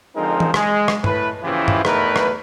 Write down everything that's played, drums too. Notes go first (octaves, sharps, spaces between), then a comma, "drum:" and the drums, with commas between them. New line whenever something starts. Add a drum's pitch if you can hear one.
D3 F3 G#3 C4 D#4 A#4
drum: tom E3
G#3, drum: rim click
drum: rim click
A2 B4, drum: tom G2
D#2 C#3 E3 F3 E4 G4
drum: tom G2
E2 A3 D#4 A#4 B4, drum: rim click
drum: rim click